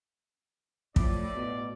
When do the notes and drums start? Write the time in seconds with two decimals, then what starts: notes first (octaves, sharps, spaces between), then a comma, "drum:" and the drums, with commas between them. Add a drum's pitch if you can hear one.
0.96 A2 F3 D5, drum: kick
1.35 B2